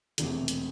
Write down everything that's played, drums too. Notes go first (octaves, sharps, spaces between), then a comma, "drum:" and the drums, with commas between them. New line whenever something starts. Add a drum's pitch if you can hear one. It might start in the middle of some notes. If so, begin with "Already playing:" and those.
E1 E2 C3 A3, drum: hi-hat
drum: hi-hat